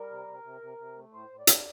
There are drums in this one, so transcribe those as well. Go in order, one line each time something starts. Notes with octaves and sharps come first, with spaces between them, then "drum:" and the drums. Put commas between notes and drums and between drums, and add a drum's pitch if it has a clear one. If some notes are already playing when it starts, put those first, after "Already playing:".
Already playing: G3 A#4
C3
C3
C3
C3
C3
A3
A2 C5
A2
D5
A2, drum: hi-hat